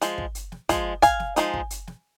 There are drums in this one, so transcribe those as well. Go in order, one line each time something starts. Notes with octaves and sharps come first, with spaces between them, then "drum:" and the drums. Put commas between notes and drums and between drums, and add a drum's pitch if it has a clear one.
F3 G#3, drum: hi-hat
drum: kick
drum: hi-hat
drum: snare
F3 G#3, drum: kick, hi-hat
F5 G#5, drum: kick, hi-hat
drum: snare
F3 G#3 D#4, drum: hi-hat
drum: kick
drum: hi-hat
drum: snare